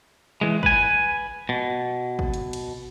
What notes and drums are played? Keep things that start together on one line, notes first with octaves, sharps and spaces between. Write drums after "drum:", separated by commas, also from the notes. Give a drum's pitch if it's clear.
E3 G#3
B4 G#5, drum: kick
B2
drum: kick
drum: hi-hat
drum: cymbal